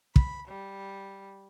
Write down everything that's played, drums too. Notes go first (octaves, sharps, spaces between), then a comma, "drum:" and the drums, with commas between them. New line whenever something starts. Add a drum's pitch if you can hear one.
B5, drum: kick
G3